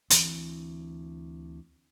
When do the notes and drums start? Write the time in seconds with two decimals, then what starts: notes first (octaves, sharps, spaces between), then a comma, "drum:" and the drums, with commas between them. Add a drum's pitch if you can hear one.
0.10 D2 E3 C4, drum: hi-hat